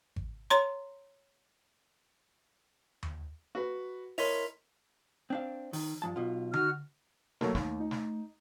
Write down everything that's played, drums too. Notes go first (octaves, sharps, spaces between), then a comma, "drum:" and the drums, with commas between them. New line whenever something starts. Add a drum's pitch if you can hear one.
drum: kick G#1
C#5 A#5 C6, drum: hi-hat
drum: tom D#2
F#4 B4
E4 A#4 C#5 D#5 C6 B6 F7, drum: open hi-hat
C4 D4 F5
D#3, drum: open hi-hat
G2 F3 A5
B1 B2 F4
D#4 F#4 F6, drum: tom D3
F#3 A3 A#3, drum: snare
D#2 A3, drum: snare
D#4
drum: snare